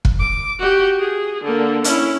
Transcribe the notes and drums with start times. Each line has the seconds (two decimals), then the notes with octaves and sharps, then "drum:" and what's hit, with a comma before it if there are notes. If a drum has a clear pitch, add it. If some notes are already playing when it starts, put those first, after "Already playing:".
0.05 drum: kick
0.19 D6
0.59 F#4 G4
0.99 G#4
1.44 D3 A#3
1.84 C#4 E4, drum: hi-hat